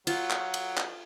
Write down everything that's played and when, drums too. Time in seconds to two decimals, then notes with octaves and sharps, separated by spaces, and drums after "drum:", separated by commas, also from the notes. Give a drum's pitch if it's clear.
0.07 F#3 F4, drum: cymbal
0.30 drum: clap
0.54 drum: cymbal
0.77 drum: clap